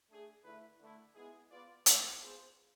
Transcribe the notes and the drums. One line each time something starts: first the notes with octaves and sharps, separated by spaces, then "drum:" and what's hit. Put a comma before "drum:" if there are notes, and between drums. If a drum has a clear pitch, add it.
A3 D4 G#4
D3 A3 E4 B4
D3 A3 E4
G#3 B3 E4 G#4
B3 F4 B4 D5
E3 A3 C4, drum: hi-hat
B3 F4 G#4 C5